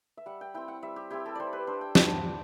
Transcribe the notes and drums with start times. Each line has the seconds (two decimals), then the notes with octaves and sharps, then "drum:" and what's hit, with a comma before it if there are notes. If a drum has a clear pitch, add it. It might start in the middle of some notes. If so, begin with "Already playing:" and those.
0.17 E5
0.26 G3 F#5
0.41 G5
0.54 C4 E4 G5
0.68 F#5
0.82 G3 E5
0.96 G4
1.11 C4 E4 G4
1.26 A4
1.35 G3 C5 D5
1.53 B4
1.67 D4 C5
1.81 G5
1.95 G3 A5, drum: snare
2.10 G5
2.19 F#5
2.24 D4 G5